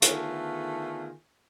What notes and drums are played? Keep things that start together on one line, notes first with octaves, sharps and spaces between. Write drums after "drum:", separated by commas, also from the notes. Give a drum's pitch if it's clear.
D3 D#3 A3 B3 F4 G#4, drum: hi-hat